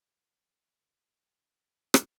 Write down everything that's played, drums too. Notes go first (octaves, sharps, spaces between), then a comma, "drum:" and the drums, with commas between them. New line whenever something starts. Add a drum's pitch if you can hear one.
A#3
G5 A5
drum: rim click